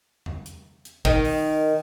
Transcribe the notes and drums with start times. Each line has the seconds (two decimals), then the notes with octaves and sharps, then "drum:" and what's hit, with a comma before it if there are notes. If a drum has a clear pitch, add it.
0.26 drum: tom E2
0.46 drum: hi-hat
0.85 drum: hi-hat
1.05 D#3, drum: kick
1.25 drum: open hi-hat